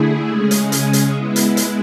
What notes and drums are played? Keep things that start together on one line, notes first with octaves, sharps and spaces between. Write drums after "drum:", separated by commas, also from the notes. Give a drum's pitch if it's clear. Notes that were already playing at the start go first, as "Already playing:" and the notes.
Already playing: D3 A3 E4 G#4
C#3 G#3 C#4 G#4
drum: hi-hat
drum: hi-hat
drum: hi-hat
G#3 B3 E4
drum: hi-hat
drum: hi-hat